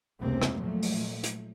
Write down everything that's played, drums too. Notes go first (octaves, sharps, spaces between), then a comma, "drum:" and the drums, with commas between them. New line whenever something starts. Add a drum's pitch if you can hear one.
F1 C#2 C3 A#3 C4
drum: rim click
A#2 F3 F#3 A3
drum: open hi-hat
drum: hi-hat